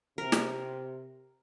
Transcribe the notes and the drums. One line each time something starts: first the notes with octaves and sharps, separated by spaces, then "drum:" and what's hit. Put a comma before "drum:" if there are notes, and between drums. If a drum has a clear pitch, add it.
C3 A#4
drum: snare